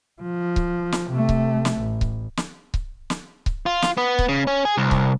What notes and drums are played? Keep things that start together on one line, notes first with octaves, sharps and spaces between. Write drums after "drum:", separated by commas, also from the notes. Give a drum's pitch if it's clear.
F3
drum: kick C#1
drum: snare
C3 A3
drum: kick C#1
drum: snare
A1
drum: kick C#1
drum: snare
drum: kick C#1
drum: snare
drum: kick C#1
F4
drum: snare
B3
drum: kick C#1
C#3
C#4
G#4
C2
drum: kick C#1